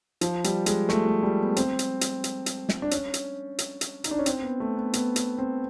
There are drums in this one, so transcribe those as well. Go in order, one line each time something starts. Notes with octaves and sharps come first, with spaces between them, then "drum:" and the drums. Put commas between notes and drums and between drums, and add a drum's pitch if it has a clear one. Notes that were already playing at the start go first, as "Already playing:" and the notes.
F3, drum: hi-hat
G3, drum: hi-hat
G#3, drum: hi-hat
A3, drum: snare
G#3
G3
B3
C4, drum: hi-hat
drum: hi-hat
drum: hi-hat
drum: hi-hat
drum: hi-hat
drum: snare
D4
C#4, drum: hi-hat
drum: hi-hat
drum: hi-hat
drum: hi-hat
D#4, drum: hi-hat
D4
C#4
C4, drum: hi-hat
B3
A3
B3
B3, drum: hi-hat
drum: hi-hat
C4